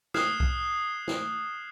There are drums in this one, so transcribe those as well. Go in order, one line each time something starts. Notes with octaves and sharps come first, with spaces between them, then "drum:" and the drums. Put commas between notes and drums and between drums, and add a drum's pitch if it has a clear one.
D#6 F6 F#6 G#6 C7 E7, drum: snare
drum: kick B1
drum: snare